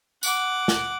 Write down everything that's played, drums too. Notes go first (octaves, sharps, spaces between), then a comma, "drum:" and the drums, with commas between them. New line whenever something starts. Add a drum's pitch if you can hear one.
F#5 D6, drum: tambourine
drum: snare